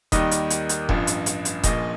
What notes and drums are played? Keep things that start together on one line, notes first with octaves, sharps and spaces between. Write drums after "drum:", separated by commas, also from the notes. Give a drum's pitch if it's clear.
D#2 D#3 G3 D#5, drum: kick E1, hi-hat
drum: hi-hat
drum: hi-hat
drum: hi-hat
A1 G2 F3, drum: kick E1
drum: hi-hat
drum: hi-hat
drum: hi-hat
A#1 A#2 F3 D#5, drum: kick E1, hi-hat